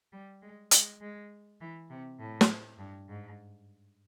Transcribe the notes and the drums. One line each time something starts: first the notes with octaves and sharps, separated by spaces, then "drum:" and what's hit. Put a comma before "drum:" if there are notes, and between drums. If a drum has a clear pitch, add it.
G3
G#3
G#3, drum: hi-hat
G#3
E3
C3
A2
drum: snare
G2
G#2